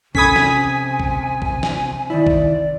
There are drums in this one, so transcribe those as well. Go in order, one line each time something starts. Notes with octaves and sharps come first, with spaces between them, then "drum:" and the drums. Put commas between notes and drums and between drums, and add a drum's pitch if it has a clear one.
C3 C#4 A4 G#5 B5 D#6 G#6 B6, drum: kick
drum: snare
drum: kick
drum: kick
drum: snare
D#3 E4 D5
drum: kick